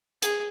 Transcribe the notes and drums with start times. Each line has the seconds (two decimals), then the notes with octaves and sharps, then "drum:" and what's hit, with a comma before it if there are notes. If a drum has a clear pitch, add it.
0.22 G#4, drum: hi-hat